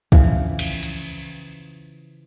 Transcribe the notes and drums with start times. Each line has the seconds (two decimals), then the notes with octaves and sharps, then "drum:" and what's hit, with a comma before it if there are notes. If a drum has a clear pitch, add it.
0.12 C#3 E3 F3, drum: kick
0.59 drum: cymbal
0.83 drum: hi-hat